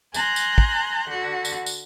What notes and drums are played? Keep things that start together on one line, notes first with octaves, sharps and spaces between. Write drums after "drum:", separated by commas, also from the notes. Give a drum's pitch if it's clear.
G#5 A#5 C6 F#6 G6, drum: tambourine
drum: tambourine
drum: kick
D3 F#4
drum: tambourine
drum: tambourine